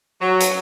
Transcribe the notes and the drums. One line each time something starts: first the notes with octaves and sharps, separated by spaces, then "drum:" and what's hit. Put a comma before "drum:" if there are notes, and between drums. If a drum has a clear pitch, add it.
F#3
drum: hi-hat